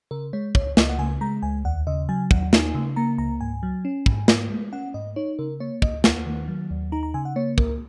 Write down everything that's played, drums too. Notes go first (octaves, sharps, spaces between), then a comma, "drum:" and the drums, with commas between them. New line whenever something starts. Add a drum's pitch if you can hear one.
C#3 A#4
G#3 C#5
C#2 C#5, drum: kick
C#2 D#5, drum: snare
F#5
C#3 G#5
G#3 A#5
C#2 G#5
D#2 F#5
C#3 D#5
F#3 G#5
D#2 F#5, drum: kick
D#4 G#5, drum: snare
C#3
A#3 A#5
C#2 A#5
G#2 G#5
F#3
C#4
G#2, drum: kick
G#2, drum: snare
G#3
C#4 F#5
G#2 D#5
D#4 C#5
C#3 A#4
A#3 C#5
C#2 D#5, drum: kick
D#2 F#5, drum: snare
D#3
F#3
D#2
D#4 A#5
A#5
C#3 G#5
F#5
A#3 C#5
C#2 A#4, drum: kick